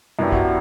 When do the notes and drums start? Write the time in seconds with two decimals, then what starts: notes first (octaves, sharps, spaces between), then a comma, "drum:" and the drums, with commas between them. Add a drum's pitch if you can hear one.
0.19 F#2 F#3 B3 D4 E4 G4
0.32 F#4, drum: kick